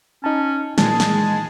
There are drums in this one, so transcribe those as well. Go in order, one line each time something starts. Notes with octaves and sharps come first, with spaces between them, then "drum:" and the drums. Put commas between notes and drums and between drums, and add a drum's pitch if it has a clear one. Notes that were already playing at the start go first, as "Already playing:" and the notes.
C#4 D#4 A5
A#2 D#3 E3 G#3 G#4 A5, drum: snare
drum: snare